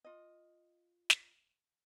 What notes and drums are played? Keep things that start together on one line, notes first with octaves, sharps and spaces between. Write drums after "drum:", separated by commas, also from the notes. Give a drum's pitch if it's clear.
F4 D#5
drum: snare